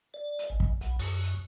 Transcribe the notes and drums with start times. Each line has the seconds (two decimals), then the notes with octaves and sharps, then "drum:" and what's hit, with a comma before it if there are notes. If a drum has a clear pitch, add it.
0.14 D5
0.39 drum: hi-hat
0.50 G#1
0.60 drum: kick
0.81 B1, drum: hi-hat
0.99 F#2, drum: open hi-hat
1.23 drum: hi-hat